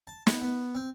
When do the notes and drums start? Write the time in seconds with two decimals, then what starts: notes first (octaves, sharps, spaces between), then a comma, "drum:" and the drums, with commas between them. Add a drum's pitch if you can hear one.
0.07 A5
0.27 B3, drum: snare
0.42 B3
0.75 C4